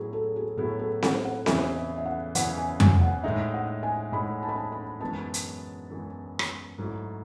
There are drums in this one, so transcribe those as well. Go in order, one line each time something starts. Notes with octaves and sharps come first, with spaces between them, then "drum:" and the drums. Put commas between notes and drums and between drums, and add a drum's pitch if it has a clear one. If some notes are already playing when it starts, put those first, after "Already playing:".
Already playing: A2 F#3 B3 E4 G#4
A4
G#4
A2 F#3 B3 E4 G#4
A4
F#5, drum: snare C4
F#5
E2 C#3 E3 E5, drum: snare C4
E5
E5
F#5
E2 C#3 E3 F#5, drum: hi-hat
G#5
G#5, drum: tom F2
F#5
A2 G#3 D#4 E5
F#5
G#5
A2 G#3 D#4 B5
A5
B5
A5
B5
F#2 E3 G#3 B3 A5
drum: hi-hat
F#2 E3 G#3 B3
drum: rim click
G#2 F#3 A3 E4